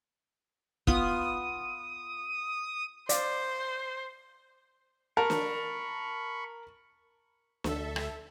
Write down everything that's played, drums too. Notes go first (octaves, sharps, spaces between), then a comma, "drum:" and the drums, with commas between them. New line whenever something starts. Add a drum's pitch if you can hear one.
B3 F4 D#6, drum: kick
C5 D5 F5, drum: hi-hat
A#4 A5 B5 C#6
drum: snare
D2 A4 E5, drum: snare
drum: rim click